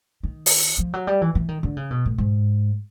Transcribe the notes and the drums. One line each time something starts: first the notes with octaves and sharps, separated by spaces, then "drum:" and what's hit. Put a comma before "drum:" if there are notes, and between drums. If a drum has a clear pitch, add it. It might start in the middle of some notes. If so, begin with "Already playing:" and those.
D#3
drum: open hi-hat
F3
F#3
G3
E3
E3
D#3
D3
C#3
B2
A2
G#2